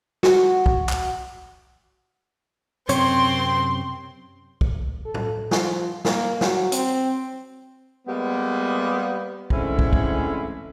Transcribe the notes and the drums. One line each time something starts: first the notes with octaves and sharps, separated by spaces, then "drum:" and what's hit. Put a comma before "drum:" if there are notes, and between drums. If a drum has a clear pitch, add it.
F#4, drum: snare
drum: kick
drum: clap
F#2 C3 C4 C#5 C6, drum: hi-hat
drum: kick
A4
drum: tom A2
F3, drum: snare
A#3, drum: snare
F#3, drum: snare
C4, drum: hi-hat
G3 G#3 A#3 B3
D3 E3 G#3 A3 C4 C#4, drum: kick
drum: kick
drum: kick